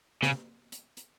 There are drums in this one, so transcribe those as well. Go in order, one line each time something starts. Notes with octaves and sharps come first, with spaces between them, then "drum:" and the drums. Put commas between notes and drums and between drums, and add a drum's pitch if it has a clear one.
C#3, drum: snare
drum: hi-hat
drum: hi-hat